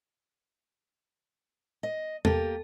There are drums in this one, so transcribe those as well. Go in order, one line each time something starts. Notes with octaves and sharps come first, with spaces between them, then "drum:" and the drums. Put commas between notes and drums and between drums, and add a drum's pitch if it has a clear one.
D#5
A#3 G4 A4, drum: tom E2